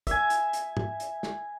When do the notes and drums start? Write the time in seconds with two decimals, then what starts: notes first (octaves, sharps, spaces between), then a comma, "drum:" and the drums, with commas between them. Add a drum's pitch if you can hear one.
0.07 E5 G#5, drum: kick, hi-hat
0.30 drum: hi-hat
0.53 drum: hi-hat
0.77 drum: tom
1.00 drum: hi-hat
1.23 drum: snare